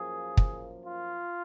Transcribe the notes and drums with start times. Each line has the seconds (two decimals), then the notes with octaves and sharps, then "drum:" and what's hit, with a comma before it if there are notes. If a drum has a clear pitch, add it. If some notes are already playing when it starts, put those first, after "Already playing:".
Already playing: F#2 F3 A#3 G#4
0.37 drum: kick
0.84 F4